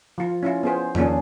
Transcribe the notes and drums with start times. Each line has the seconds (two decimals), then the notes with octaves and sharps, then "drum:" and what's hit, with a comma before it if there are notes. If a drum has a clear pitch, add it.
0.18 F3 F4
0.43 C#4 E4 F4
0.63 B3 G#4 C5
0.95 D#3 F3 A#3 C#4 D4 G#4, drum: tom E2